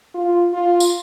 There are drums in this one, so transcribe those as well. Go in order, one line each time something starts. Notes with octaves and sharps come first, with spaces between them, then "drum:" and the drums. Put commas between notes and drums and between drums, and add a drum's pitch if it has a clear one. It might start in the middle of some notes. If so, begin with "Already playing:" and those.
F4
F4
drum: tambourine